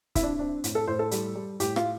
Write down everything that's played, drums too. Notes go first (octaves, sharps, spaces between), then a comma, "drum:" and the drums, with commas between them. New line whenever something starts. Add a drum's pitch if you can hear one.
C4 E4, drum: kick, hi-hat
D4
C4 D4
A2, drum: hi-hat
A4
A2 C5
A4
G3, drum: hi-hat
G3
A2 G4, drum: hi-hat
F4, drum: rim click